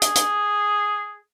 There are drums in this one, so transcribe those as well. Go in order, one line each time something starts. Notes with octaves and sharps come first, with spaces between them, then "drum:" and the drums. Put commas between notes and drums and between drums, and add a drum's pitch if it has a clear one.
G#4, drum: hi-hat
drum: hi-hat